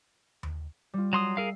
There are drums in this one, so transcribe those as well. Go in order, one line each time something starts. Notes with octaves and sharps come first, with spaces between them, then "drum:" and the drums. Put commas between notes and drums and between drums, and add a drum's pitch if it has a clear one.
drum: tom D#2
G3 F4
F#3 C6 D#6
G#4 A#4 E5 F5 C7